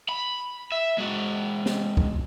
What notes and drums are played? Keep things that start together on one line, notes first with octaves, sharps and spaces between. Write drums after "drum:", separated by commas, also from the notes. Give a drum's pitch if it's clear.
B5
E5
G#3 F#4
drum: snare
drum: kick